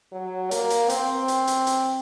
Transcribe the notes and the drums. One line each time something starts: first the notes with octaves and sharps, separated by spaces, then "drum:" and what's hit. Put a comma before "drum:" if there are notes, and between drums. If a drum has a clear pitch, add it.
F#3
A#3, drum: hi-hat
drum: hi-hat
C4, drum: hi-hat
drum: hi-hat
drum: hi-hat
drum: hi-hat